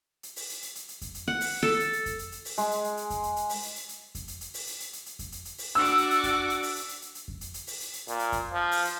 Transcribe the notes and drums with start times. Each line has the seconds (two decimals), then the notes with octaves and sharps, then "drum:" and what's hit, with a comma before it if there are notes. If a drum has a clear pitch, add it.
0.23 drum: hi-hat
0.36 drum: open hi-hat
0.49 drum: hi-hat
0.62 drum: hi-hat
0.75 drum: hi-hat
0.88 drum: hi-hat
1.01 drum: kick F2, hi-hat
1.15 drum: hi-hat
1.28 F#5
1.41 drum: open hi-hat
1.63 A4
1.80 drum: hi-hat
1.93 drum: hi-hat
2.06 drum: kick F2, hi-hat
2.19 drum: hi-hat
2.32 drum: hi-hat
2.45 drum: open hi-hat
2.58 G#3, drum: hi-hat
2.71 drum: hi-hat
2.84 drum: hi-hat
2.97 drum: hi-hat
3.10 drum: kick F2, hi-hat
3.23 drum: hi-hat
3.36 drum: hi-hat
3.49 drum: open hi-hat
3.63 drum: hi-hat
3.76 drum: hi-hat
3.89 drum: hi-hat
4.15 drum: kick F2, hi-hat
4.28 drum: hi-hat
4.41 drum: hi-hat
4.54 drum: open hi-hat
4.67 drum: hi-hat
4.80 drum: hi-hat
4.93 drum: hi-hat
5.06 drum: hi-hat
5.19 drum: kick F2, hi-hat
5.32 drum: hi-hat
5.45 drum: hi-hat
5.58 drum: open hi-hat
5.75 D4 F#4 D6 E6
5.84 drum: hi-hat
5.97 drum: hi-hat
6.10 drum: hi-hat
6.24 drum: kick F2, hi-hat
6.50 drum: hi-hat
6.63 drum: open hi-hat
6.76 drum: hi-hat
6.89 drum: hi-hat
7.02 drum: hi-hat
7.15 drum: hi-hat
7.28 drum: kick F2
7.41 drum: hi-hat
7.54 drum: hi-hat
7.67 drum: open hi-hat
7.80 drum: hi-hat
7.93 drum: hi-hat
8.08 A#2, drum: hi-hat
8.19 drum: hi-hat
8.32 drum: kick F2, hi-hat
8.52 F3
8.72 drum: open hi-hat
8.85 drum: hi-hat